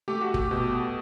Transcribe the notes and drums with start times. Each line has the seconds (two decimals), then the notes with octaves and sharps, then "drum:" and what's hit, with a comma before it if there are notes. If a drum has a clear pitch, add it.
0.08 A3 G4
0.21 F#4
0.34 G4, drum: kick
0.51 B2